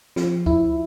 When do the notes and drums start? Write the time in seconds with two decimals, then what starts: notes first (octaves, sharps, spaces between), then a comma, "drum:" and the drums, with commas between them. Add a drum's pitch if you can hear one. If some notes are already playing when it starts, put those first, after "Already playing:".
0.16 F3, drum: snare
0.46 E4, drum: kick C#2